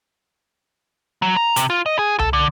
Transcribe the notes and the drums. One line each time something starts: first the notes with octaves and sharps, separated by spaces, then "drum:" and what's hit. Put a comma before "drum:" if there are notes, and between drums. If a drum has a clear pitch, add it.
F#3
A#5
C3, drum: hi-hat
F4
D#5
G#4
A4, drum: tom C2
D3